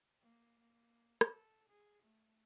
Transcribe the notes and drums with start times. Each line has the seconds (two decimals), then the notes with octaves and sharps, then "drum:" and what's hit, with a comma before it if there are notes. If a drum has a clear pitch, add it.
0.21 A#3
0.60 A#3
1.21 A4, drum: rim click
1.69 G#4
2.03 A3